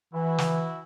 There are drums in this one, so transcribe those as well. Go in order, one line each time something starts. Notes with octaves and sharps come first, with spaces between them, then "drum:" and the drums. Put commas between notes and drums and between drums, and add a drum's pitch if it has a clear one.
E3 E4 F#4
drum: snare